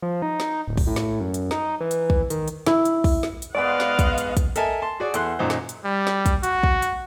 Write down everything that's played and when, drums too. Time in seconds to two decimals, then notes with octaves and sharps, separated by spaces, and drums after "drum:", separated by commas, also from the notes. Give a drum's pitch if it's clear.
0.02 F3
0.22 D#4
0.40 drum: snare
0.68 D1
0.77 drum: kick, open hi-hat
0.87 A2
0.96 drum: snare
1.20 F#2
1.34 drum: hi-hat
1.51 D#4, drum: snare
1.81 E3
1.91 drum: hi-hat
2.10 drum: kick
2.30 D#3, drum: hi-hat
2.48 drum: hi-hat
2.66 E4, drum: snare
2.85 drum: hi-hat
3.04 drum: kick, open hi-hat
3.23 drum: snare
3.42 drum: hi-hat
3.54 G#2 G#3 B3 D5 D#5 F5 F#5
3.80 drum: snare
3.99 drum: kick, hi-hat
4.18 drum: hi-hat
4.37 drum: kick, hi-hat
4.56 A4 A#4 D#5 E5 G#5 A5, drum: hi-hat
4.82 A5 C6
5.00 F#4 G#4 D5
5.14 E2 A4 F#5 C6 F#6, drum: hi-hat
5.39 F#2 A#2 D#3 D#4 C5
5.50 drum: snare
5.69 drum: hi-hat
5.85 G3
6.07 drum: snare
6.26 drum: kick, hi-hat
6.43 F#4, drum: hi-hat
6.63 drum: kick
6.82 drum: hi-hat